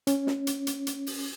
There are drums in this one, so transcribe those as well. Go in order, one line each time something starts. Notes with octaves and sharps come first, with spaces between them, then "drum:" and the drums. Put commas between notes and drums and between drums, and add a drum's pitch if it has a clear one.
C#4, drum: hi-hat
drum: snare
drum: hi-hat
drum: hi-hat
drum: hi-hat
drum: open hi-hat